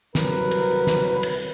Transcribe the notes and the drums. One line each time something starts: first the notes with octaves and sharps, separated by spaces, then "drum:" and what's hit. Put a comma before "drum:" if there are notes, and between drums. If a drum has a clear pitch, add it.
C2 F#3 A#4 B4, drum: snare
drum: cymbal
drum: snare
drum: cymbal